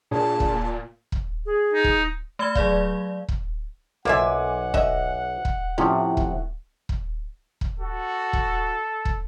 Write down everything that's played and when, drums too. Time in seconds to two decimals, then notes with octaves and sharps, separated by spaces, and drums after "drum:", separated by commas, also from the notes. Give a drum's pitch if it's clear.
0.11 A#2 D4 G#4 C#5 A5
0.40 drum: kick
1.12 drum: kick
1.46 G#4
1.73 D#4
1.84 drum: kick
2.39 A3 B5 E6 G#6 G7
2.55 F#3 G#4 D5 F5, drum: kick
3.29 drum: kick
4.05 B1 A#3 F4 E5 F#5 G#5 D6
4.74 F#4 D#5 E5, drum: kick
5.45 drum: kick
5.78 A2 C3 F3 C#4
6.17 drum: kick
6.89 drum: kick
7.61 drum: kick
7.79 F#4 A4
8.33 drum: kick
9.05 drum: kick